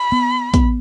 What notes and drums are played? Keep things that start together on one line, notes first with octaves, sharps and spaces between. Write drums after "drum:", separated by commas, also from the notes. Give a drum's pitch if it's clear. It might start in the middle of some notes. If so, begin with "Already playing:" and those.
Already playing: B5
B3
B3, drum: kick, hi-hat